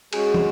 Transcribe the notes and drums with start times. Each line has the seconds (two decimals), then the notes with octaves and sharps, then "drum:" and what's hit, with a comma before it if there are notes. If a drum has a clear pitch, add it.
0.13 G#3 C#4 F#4 G#4, drum: cymbal
0.34 drum: tom